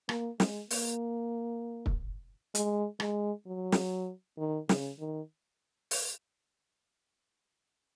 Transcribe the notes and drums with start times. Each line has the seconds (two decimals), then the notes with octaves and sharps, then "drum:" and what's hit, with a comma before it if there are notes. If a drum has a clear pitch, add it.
0.09 A#3, drum: rim click
0.40 G#3, drum: snare
0.70 A#3, drum: open hi-hat
1.86 drum: kick
2.55 G#3, drum: hi-hat
3.00 G#3, drum: rim click
3.47 F#3
3.72 drum: snare
4.38 D#3
4.69 C#3, drum: snare
5.00 D#3
5.91 drum: open hi-hat